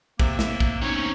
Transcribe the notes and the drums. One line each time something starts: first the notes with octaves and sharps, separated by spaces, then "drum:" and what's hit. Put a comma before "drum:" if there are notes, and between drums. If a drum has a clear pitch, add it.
C3 A#3 E5, drum: kick
drum: snare
drum: kick
C4 C#4 D#4 C#5